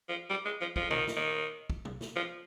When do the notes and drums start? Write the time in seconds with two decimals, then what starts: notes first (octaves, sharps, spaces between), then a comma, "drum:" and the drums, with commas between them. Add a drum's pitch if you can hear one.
0.09 F3
0.30 G3
0.46 G#3
0.61 F3
0.76 F3, drum: kick
0.90 D#3, drum: tom A#2
1.07 drum: snare
1.17 D#3
1.70 drum: kick
1.85 drum: tom
2.01 drum: snare
2.16 F3